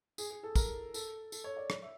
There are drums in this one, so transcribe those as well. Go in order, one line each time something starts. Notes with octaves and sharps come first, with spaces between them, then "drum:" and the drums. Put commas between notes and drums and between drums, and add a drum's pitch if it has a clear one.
G#4, drum: tambourine
G#4
A4
A#4, drum: kick, tambourine
A4, drum: tambourine
A4, drum: tambourine
C#5
D5
drum: rim click
E5